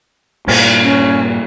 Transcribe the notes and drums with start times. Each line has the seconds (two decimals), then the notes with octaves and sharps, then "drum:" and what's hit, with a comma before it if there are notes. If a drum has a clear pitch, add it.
0.47 G2 A#2, drum: cymbal
0.82 C#4